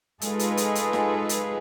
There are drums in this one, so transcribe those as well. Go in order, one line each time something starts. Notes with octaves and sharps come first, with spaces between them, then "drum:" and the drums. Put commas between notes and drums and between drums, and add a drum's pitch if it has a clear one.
G#3 D#4 F4 G#4 A4 B4, drum: hi-hat
drum: hi-hat
drum: hi-hat
drum: hi-hat
drum: snare
drum: hi-hat